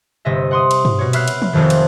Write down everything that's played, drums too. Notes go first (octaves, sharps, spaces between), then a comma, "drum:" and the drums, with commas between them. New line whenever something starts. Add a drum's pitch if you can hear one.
G1 C3 D#5 E5
F#5 C6 D#6
drum: cymbal
drum: tom G2
B2 C#5
E5 B5 F6 F#6 C7, drum: cymbal
drum: cymbal
drum: tom E3
F1 F2 D#3
drum: cymbal